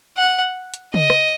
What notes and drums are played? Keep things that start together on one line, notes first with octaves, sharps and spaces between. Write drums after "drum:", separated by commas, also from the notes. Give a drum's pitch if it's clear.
F#5
drum: hi-hat
D#5, drum: tom
drum: rim click